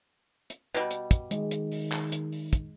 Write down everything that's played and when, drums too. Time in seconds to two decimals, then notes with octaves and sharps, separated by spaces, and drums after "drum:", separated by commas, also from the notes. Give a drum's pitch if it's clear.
0.50 drum: hi-hat
0.74 B2 G3
0.91 drum: hi-hat
1.11 drum: kick, hi-hat
1.31 D#3 G#3, drum: hi-hat
1.51 drum: hi-hat
1.72 drum: open hi-hat
1.92 drum: clap
2.12 drum: hi-hat
2.32 drum: open hi-hat
2.53 drum: kick, hi-hat